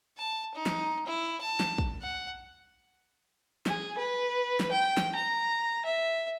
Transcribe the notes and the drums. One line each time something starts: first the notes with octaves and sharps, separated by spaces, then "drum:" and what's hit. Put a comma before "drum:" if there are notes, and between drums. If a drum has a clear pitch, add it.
A5
D#4
drum: snare
E4
A5
drum: snare
drum: kick
F#5
G#4, drum: snare
B4
drum: snare
G5
drum: snare
A#5
E5